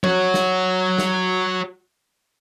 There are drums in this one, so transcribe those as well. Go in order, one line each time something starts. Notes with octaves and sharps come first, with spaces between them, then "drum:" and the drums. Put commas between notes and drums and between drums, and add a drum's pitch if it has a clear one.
F#4 C#5, drum: tom
drum: snare
drum: snare